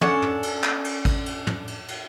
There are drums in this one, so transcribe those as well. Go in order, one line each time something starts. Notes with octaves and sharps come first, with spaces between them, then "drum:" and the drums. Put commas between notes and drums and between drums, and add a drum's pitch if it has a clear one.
C#4 D4 A4 F#5, drum: tom
drum: tom
drum: cymbal
drum: clap
drum: cymbal
drum: kick, cymbal
drum: cymbal
drum: tom
drum: cymbal
drum: cymbal